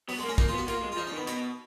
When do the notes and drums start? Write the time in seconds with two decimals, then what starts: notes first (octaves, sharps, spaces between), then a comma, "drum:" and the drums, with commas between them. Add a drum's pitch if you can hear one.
0.09 F#3 B3, drum: open hi-hat
0.19 G#3 A#3
0.29 C#4
0.38 A#3 D#4, drum: kick
0.48 B3 F4
0.58 F#4
0.68 A#3 F4, drum: hi-hat
0.83 G#3
0.92 F4
0.97 F3 D#4
1.07 C#4
1.12 D#3
1.17 B3
1.27 B2 B3, drum: hi-hat